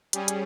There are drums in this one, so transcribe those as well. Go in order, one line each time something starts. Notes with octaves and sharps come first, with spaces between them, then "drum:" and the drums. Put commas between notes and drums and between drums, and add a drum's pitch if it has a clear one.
G3 C#4 G#4, drum: hi-hat
drum: hi-hat